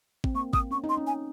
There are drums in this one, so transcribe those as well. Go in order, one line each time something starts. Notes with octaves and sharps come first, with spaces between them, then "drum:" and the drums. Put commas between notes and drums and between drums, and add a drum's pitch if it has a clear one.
C4, drum: kick
A#3 C#6
D#6, drum: kick
C#4 C#6
D#4
C6
C#4
G#5